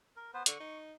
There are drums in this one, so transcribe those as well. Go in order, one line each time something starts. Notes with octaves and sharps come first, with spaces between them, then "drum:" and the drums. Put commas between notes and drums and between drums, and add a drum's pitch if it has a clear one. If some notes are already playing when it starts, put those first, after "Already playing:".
A#4
B3 B4 C5
D3 C#6, drum: hi-hat
D#4